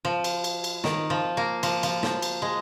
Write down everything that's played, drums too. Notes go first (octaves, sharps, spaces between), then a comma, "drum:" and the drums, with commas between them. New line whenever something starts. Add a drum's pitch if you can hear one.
F3
drum: cymbal
drum: cymbal
drum: cymbal
D#3, drum: snare
F3
A#3
F3, drum: cymbal
F3, drum: cymbal
F3, drum: snare
drum: cymbal
G#3